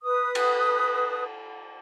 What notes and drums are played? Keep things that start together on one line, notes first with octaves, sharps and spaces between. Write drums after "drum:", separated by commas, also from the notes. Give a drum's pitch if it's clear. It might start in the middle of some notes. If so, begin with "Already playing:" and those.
B4 D#6
drum: cymbal